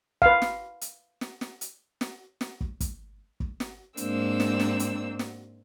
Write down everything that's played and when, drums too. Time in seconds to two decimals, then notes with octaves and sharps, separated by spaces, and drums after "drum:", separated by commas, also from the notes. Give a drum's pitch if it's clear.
0.22 B4 F5, drum: kick
0.42 drum: snare
0.81 drum: hi-hat
1.21 drum: snare
1.41 drum: snare
1.61 drum: hi-hat
2.01 drum: snare
2.41 drum: snare
2.61 drum: kick
2.80 drum: kick, hi-hat
3.40 drum: kick
3.60 drum: snare
3.97 G#2 G#3 A#3 C4 D4 E6, drum: hi-hat
4.40 drum: snare
4.60 drum: snare
4.80 drum: hi-hat
5.19 drum: snare